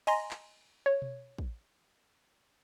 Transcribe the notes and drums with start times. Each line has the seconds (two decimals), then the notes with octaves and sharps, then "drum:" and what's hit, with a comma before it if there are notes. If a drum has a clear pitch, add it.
0.07 D#5 G#5 A#5 C6 A#6, drum: cymbal
0.31 drum: clap
0.86 C#5
1.02 drum: tom B2
1.38 drum: kick